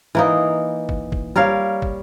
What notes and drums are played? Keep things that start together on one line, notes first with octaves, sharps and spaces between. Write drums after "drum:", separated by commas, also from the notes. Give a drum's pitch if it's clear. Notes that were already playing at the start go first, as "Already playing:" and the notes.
E3 A#3 D#4
drum: kick
drum: kick
G3 A#4 C#5 F5
drum: kick